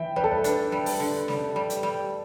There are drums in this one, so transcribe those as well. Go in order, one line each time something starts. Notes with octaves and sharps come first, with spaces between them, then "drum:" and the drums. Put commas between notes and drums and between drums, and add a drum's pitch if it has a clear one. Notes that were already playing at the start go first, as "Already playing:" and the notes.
Already playing: E3 E5 G5
G3 B4
A4
B4
D4 B4, drum: hi-hat
G3
drum: open hi-hat
D3
G3, drum: snare
G3
drum: hi-hat
G3